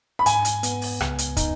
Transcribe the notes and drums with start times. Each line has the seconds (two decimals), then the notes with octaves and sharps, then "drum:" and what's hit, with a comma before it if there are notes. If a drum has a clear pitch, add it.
0.19 B5
0.26 G#2 G#5, drum: hi-hat
0.45 drum: hi-hat
0.63 B3, drum: hi-hat
0.82 drum: open hi-hat
1.00 C#2, drum: rim click
1.18 drum: hi-hat
1.37 D#4, drum: kick, hi-hat